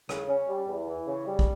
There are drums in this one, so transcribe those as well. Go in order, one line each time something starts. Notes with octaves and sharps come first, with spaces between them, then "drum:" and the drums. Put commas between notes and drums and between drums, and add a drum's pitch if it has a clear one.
C#3, drum: rim click
C#4
G3
E2
E3
C#3
G3
drum: kick